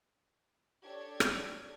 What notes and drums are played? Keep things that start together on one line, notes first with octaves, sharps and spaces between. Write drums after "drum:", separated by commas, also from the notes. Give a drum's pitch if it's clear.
D4 G4 A4 C#5 G#6
drum: rim click